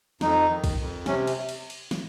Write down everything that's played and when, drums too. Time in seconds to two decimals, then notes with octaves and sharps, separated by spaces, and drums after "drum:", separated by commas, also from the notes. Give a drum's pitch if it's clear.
0.21 F2 D#4, drum: snare
0.49 D#3
0.64 drum: kick, cymbal
0.78 F2
1.06 C3 C#4, drum: snare
1.27 drum: cymbal
1.49 drum: cymbal
1.70 drum: cymbal
1.91 drum: snare